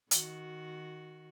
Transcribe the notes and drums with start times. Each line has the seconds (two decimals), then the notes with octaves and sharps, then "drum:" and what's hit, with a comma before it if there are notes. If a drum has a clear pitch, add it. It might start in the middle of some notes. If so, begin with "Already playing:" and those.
0.11 D#3 F#4, drum: hi-hat